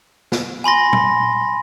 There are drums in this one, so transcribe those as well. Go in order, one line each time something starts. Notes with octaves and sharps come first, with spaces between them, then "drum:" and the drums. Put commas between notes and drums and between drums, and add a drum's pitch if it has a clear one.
drum: snare
G#5 B5 C6 A#6
drum: tom